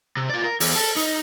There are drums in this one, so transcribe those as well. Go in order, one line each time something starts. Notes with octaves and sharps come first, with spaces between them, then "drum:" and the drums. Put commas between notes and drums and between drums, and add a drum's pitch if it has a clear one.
C3
F4 D5
A#4
E2, drum: open hi-hat
A4
D#4, drum: hi-hat